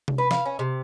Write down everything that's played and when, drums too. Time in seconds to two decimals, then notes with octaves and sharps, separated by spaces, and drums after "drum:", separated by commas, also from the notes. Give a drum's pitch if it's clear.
0.08 drum: tom C3
0.18 B4
0.31 F5, drum: snare
0.45 C#4
0.59 C3